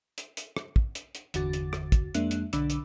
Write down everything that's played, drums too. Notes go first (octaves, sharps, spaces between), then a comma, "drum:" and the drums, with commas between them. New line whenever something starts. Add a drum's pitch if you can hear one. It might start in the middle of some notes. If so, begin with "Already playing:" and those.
drum: hi-hat
drum: hi-hat
drum: rim click
drum: kick
drum: hi-hat
drum: hi-hat
G1 E2 D3 F#4 D6 A6, drum: hi-hat
drum: hi-hat
drum: rim click
drum: kick, hi-hat
F2 G#3 A#3 D4 E5 F#6, drum: hi-hat
drum: hi-hat
B1 D3 D4 B5 D6 E6, drum: hi-hat
drum: hi-hat